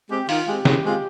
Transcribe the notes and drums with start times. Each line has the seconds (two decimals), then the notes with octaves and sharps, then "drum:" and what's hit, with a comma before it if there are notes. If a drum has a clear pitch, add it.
0.10 G#3 C4 G4
0.29 D#3 F4, drum: open hi-hat
0.47 G#3 C4 G4
0.65 C#3, drum: snare
0.85 G#3 C4 F4